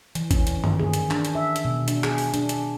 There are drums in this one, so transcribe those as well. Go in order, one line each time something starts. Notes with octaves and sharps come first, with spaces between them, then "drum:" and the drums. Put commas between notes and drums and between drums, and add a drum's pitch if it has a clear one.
E3, drum: hi-hat
C#4, drum: kick G#1, hi-hat
drum: hi-hat
D#3, drum: tom
G#4, drum: tom
drum: hi-hat
D4, drum: clap
drum: hi-hat
E5
drum: hi-hat
B2
D4, drum: hi-hat
G#4, drum: clap
drum: open hi-hat
D4, drum: hi-hat
drum: hi-hat